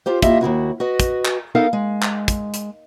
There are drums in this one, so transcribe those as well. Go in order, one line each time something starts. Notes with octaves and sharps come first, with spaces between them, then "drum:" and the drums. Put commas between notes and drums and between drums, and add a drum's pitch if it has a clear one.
F4 G4 C5
A#3 E4 F4 G4 D#5 E5, drum: kick, hi-hat
D#2 C#3 E4 F#4
F#4 B4 D#5
drum: kick, hi-hat
drum: clap
B3 D#4 A4 A#4 F5
G#3
drum: clap
drum: kick, hi-hat
drum: hi-hat